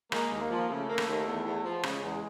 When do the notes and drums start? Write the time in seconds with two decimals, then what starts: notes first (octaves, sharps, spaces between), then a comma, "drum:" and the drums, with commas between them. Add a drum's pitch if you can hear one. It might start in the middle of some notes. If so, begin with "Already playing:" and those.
0.12 G#3 A#3, drum: rim click
0.31 D#2
0.41 A#3
0.50 F3
0.69 C#3 A3
0.89 A#3
0.98 drum: rim click
1.07 D#2
1.26 E2
1.45 E2
1.64 F3
1.83 C#3 G#3, drum: rim click
2.02 E2